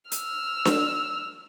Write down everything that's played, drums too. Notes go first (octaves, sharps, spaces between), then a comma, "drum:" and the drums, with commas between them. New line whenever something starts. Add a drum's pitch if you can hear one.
E6 F6, drum: hi-hat
drum: snare D4